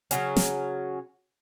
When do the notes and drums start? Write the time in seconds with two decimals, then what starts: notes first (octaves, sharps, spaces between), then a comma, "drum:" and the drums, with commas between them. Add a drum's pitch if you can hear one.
0.11 C#3 F#3 C#4, drum: hi-hat
0.36 drum: snare